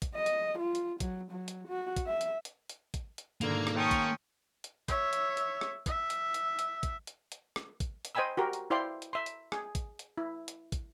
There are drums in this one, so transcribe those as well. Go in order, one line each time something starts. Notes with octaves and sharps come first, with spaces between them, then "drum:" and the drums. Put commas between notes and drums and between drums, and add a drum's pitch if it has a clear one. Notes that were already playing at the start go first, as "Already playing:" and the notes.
drum: kick, hi-hat
D#5
drum: hi-hat
F4
drum: hi-hat
F#3, drum: kick, hi-hat
F#3
drum: hi-hat
F#4
drum: kick, hi-hat
E5
drum: hi-hat
drum: hi-hat
drum: hi-hat
drum: kick, hi-hat
drum: hi-hat
G#2 B2 D3 D#3 A#3 A#5 G#6, drum: hi-hat
drum: rim click
C#4 G5 A5 C6 C#6 D#6 G6 C#7
drum: kick, hi-hat
drum: hi-hat
C#5 E5, drum: kick, hi-hat
drum: hi-hat
drum: hi-hat
drum: rim click
E5, drum: kick, hi-hat
drum: hi-hat
drum: hi-hat
drum: hi-hat
drum: kick, hi-hat
drum: hi-hat
drum: hi-hat
drum: rim click
drum: kick, hi-hat
drum: hi-hat
C5 D#5 G5 G#5 B5 E6
F#4 G4 A#4
drum: hi-hat
E4 C5 D5 F5 G5 C6
drum: hi-hat
E5 C6
drum: hi-hat
G#4, drum: rim click
drum: kick, hi-hat
drum: hi-hat
E4
drum: hi-hat
drum: kick, hi-hat